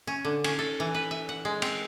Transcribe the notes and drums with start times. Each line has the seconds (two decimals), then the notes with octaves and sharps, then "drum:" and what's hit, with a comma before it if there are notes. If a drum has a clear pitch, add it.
0.07 C#4
0.25 D3
0.44 C#4, drum: cymbal
0.59 A4
0.80 E3
0.95 B4
1.11 E5
1.29 F#5
1.45 G#3
1.62 C4, drum: cymbal